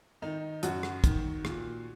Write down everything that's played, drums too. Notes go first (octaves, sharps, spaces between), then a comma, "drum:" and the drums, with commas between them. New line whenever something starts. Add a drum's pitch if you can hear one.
D#3 D#4
F#2 F#4, drum: hi-hat
drum: rim click
D#3, drum: kick, hi-hat
A#2, drum: rim click